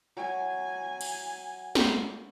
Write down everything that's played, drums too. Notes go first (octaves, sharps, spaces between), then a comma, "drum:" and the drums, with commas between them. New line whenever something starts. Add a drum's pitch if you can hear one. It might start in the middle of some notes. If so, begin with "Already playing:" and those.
F#3 G#5
drum: cymbal
drum: snare